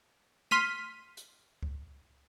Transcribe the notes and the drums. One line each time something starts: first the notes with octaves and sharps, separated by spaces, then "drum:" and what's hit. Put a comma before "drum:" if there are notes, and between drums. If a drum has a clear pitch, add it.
C6 F6 B6 D#7, drum: snare
drum: hi-hat
drum: kick C#2